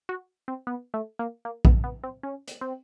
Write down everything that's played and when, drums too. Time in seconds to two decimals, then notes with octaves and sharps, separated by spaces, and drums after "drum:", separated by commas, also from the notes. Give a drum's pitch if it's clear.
0.09 F#4
0.48 C4
0.67 B3
0.94 A3
1.19 A#3
1.45 A#3
1.65 B3, drum: kick A#1
1.84 B3
2.04 C4
2.23 C#4
2.48 drum: hi-hat
2.61 C4